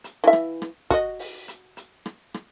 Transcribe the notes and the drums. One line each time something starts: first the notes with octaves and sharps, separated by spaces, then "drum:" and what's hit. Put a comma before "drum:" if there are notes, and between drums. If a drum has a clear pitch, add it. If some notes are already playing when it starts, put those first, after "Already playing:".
drum: hi-hat
E3 E5
drum: rim click
drum: rim click
F#4 D#5, drum: kick, hi-hat
drum: open hi-hat
drum: hi-hat
drum: hi-hat
drum: rim click
drum: rim click